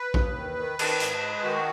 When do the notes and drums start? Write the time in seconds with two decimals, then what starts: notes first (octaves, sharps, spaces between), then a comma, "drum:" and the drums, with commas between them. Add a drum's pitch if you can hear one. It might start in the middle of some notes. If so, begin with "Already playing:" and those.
Already playing: B4
0.14 D#2, drum: kick
0.35 D#3
0.57 D#3
0.79 D#3, drum: cymbal
1.00 G#2, drum: hi-hat
1.23 G#3
1.43 D#3 F#4